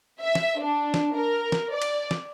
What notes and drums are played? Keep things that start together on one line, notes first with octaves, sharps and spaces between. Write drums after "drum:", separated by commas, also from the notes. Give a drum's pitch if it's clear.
E5
drum: snare
D4
drum: snare
A#4
drum: snare
D5
drum: cymbal
drum: snare